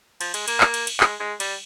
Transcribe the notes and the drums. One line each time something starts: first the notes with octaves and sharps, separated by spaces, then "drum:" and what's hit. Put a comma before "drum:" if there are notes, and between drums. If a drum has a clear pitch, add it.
F3, drum: cymbal
G#3, drum: cymbal
A#3, drum: cymbal
drum: clap
drum: cymbal
drum: cymbal
G#3, drum: clap
G#3
G3, drum: cymbal